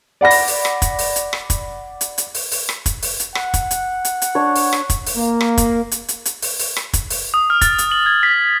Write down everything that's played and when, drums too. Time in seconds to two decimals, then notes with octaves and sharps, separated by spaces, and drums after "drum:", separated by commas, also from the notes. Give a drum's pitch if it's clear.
0.21 D5 F#5 B5 A#6
0.31 drum: open hi-hat
0.48 drum: open hi-hat
0.65 drum: rim click
0.82 drum: kick, hi-hat
0.99 drum: open hi-hat
1.16 drum: hi-hat
1.33 drum: rim click
1.50 drum: kick, hi-hat
2.01 drum: hi-hat
2.18 drum: hi-hat
2.35 drum: open hi-hat
2.52 drum: open hi-hat
2.69 drum: rim click
2.86 drum: kick, hi-hat
3.03 drum: open hi-hat
3.20 drum: hi-hat
3.35 F#5, drum: rim click
3.54 drum: kick, hi-hat
3.71 drum: hi-hat
4.05 drum: hi-hat
4.22 drum: hi-hat
4.35 D4 C#5
4.56 drum: open hi-hat
4.73 drum: rim click
4.90 drum: kick, hi-hat
5.07 drum: open hi-hat
5.17 A#3
5.41 drum: rim click
5.58 drum: kick, hi-hat
5.92 drum: hi-hat
6.08 drum: hi-hat
6.25 drum: hi-hat
6.42 drum: open hi-hat
6.59 drum: open hi-hat
6.76 drum: rim click
6.93 drum: kick, hi-hat
7.10 drum: open hi-hat
7.34 D#6
7.50 F6
7.61 A6, drum: kick, hi-hat
7.78 drum: hi-hat
7.91 F#7
8.06 G#6
8.23 B6